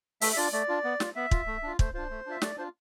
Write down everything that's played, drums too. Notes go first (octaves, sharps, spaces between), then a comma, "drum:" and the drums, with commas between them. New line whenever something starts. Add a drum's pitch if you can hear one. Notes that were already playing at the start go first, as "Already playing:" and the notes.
A3 E5, drum: open hi-hat
E5
D4 F4 D5
A3 D5
D4 F4
B3
F4, drum: snare
B3 E5
F4, drum: kick
A3
D4 F4
A3 C5, drum: kick
D4 F4 C5
A3
D4 F4 E5
A3 D5, drum: snare
D4 F4 C5